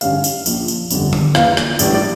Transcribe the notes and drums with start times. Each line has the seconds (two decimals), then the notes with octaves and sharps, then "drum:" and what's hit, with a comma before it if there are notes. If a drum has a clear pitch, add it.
0.01 A1 G2 D3 G3 C#4 F5, drum: tambourine
0.24 drum: tambourine
0.46 A#1 A#2 F3, drum: tambourine
0.68 drum: tambourine
0.90 G1 F2 D3 G3, drum: tambourine
1.13 drum: tom D3
1.35 E2 E3 A#3 F5, drum: rim click
1.57 drum: rim click
1.79 A#1 A2 E3 G3 D5, drum: tambourine
1.94 D5